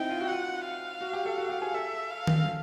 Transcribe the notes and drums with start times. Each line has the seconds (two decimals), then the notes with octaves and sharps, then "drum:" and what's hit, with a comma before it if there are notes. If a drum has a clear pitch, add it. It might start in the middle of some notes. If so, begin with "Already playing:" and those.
Already playing: C4 D#4 E4 G5
0.09 F4
0.20 F#4
0.28 F4 F#5
0.65 F5
1.01 F#4
1.13 G4
1.25 A4
1.38 F#4
1.50 G4
1.62 G#4
1.74 A4 E5
2.10 F5
2.27 drum: tom D#3